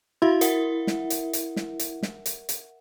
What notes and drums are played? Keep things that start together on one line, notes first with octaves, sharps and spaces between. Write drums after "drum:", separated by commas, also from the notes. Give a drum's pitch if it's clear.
E4 F#4 F5 C6
A#4 E5 F#5, drum: hi-hat
drum: snare
drum: hi-hat
drum: hi-hat
drum: snare
drum: hi-hat
drum: snare
drum: hi-hat
drum: hi-hat